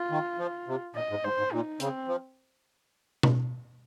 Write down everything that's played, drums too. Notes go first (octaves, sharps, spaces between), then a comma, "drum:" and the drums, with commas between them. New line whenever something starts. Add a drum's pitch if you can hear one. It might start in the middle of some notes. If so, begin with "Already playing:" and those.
Already playing: F4
D#3
F3
C3
A#2 D#5
G#2
G#2 C5
G#2
A#2 D#4
C#3 C4, drum: hi-hat
F3
drum: tom B2